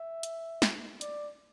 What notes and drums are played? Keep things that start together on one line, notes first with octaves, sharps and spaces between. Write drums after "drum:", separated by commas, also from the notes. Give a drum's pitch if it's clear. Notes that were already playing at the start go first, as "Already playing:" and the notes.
Already playing: E5
drum: hi-hat
drum: snare
D5, drum: hi-hat